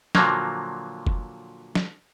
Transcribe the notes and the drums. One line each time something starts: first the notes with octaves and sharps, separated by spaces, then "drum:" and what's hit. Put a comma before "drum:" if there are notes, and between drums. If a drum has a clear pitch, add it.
A#2 D3 F3 F#3 A#3, drum: snare
drum: kick
drum: snare